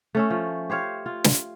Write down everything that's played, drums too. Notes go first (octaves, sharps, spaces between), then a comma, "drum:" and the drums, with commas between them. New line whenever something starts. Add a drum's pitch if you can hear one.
A3 C#4 E5
F3
G4 C5 C#5 F5
F4
drum: snare